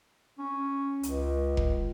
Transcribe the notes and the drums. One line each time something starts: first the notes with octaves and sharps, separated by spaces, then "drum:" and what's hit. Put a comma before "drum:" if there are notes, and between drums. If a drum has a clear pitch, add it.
C#4
C#2, drum: hi-hat
drum: kick F1